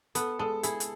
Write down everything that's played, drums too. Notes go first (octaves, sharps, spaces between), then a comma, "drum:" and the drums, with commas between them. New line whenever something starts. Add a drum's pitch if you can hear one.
B3 A4, drum: hi-hat
G#3 A4
E4 G#4, drum: hi-hat
drum: hi-hat